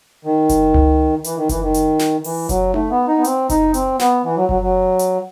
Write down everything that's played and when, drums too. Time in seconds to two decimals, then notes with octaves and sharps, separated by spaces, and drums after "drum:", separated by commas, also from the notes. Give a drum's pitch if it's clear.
0.25 D#3
0.49 drum: kick F#1, hi-hat
0.74 drum: tom C#2
1.24 E3, drum: hi-hat
1.37 D#3
1.49 E3, drum: kick F#1, hi-hat
1.61 D#3
1.74 drum: hi-hat
1.99 drum: snare
2.24 E3, drum: open hi-hat
2.49 F#3, drum: kick F#1, hi-hat
2.74 A3, drum: tom D#4
2.91 B3
3.08 D#4
3.17 B3
3.24 C4, drum: hi-hat
3.49 D#4, drum: kick F#1, hi-hat
3.74 C4, drum: hi-hat
3.99 B3, drum: snare
4.24 E3
4.37 F#3
4.49 F#3, drum: kick F#1
4.62 F#3
4.99 drum: hi-hat